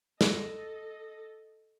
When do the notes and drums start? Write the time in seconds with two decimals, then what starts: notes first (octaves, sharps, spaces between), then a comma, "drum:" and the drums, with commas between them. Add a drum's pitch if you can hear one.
0.21 A4 D#5, drum: snare